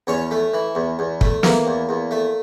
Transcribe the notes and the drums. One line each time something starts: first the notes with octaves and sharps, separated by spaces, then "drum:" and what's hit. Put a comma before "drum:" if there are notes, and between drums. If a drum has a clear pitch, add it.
E2 C#4 C#5
A3
E3
E2
E2
A3, drum: kick
E3 A#3 A#4, drum: snare
E2
E2
A3